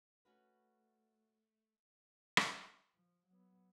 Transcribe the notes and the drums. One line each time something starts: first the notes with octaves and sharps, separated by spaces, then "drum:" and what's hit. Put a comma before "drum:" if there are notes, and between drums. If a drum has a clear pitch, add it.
A3 C#4 F#4 B4
drum: rim click
F3
F#3 B3